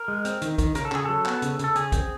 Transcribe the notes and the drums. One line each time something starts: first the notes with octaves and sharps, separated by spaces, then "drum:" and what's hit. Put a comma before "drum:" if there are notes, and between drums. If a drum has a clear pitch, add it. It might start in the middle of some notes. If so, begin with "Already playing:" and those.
Already playing: A#4
G#3
C4, drum: hi-hat
D#3, drum: hi-hat
D#3, drum: kick, hi-hat
C#3 A#4, drum: hi-hat
A4
C#3 G#4, drum: clap
F#3 A4
B3, drum: clap
C#3, drum: hi-hat
C#3 A4, drum: hi-hat
C#3 G#4, drum: hi-hat
C4, drum: kick, hi-hat